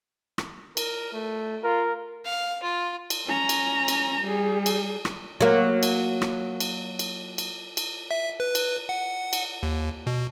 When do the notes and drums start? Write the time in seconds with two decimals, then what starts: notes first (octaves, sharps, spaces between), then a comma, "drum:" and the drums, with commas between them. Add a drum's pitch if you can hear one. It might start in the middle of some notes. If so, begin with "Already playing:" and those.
0.38 drum: rim click
0.77 A#4, drum: cymbal
1.13 A3
1.64 F4 A#4
2.25 F5
2.63 F4
3.10 drum: cymbal
3.27 C#4 A#5
3.49 drum: cymbal
3.88 drum: cymbal
4.24 G3 G#4
4.66 drum: cymbal
5.05 drum: rim click
5.41 F#3 A#3
5.83 drum: cymbal
6.22 drum: rim click
6.60 drum: cymbal
6.99 drum: cymbal
7.38 drum: cymbal
7.77 drum: cymbal
8.11 E5
8.40 B4
8.55 drum: cymbal
8.89 F#5
9.33 drum: cymbal
9.63 D#2
10.07 B2